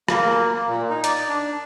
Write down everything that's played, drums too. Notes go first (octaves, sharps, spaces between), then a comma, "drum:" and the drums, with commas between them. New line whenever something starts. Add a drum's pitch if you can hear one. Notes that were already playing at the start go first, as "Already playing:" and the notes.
A#3, drum: rim click
A#3
A#2
D#4
D5, drum: hi-hat
D4